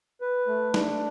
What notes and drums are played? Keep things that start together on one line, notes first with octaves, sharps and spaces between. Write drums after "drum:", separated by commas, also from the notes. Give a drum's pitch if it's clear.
B4
A3
D4, drum: snare